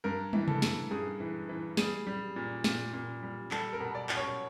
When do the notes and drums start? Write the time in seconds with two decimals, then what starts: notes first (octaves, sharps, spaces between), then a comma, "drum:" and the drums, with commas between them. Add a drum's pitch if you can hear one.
0.04 G2 A#4
0.33 E3, drum: tom
0.48 A4, drum: tom C3
0.62 G2, drum: snare
0.91 G2 G#4
1.20 E3
1.49 E3
1.77 G3 G#4, drum: snare
2.07 G3
2.36 A#2
2.64 A#2, drum: snare
2.93 A#2
3.23 G3
3.51 G3 A4, drum: clap
3.73 A#4
3.80 B2
3.95 D5
4.09 B2, drum: clap
4.17 C#5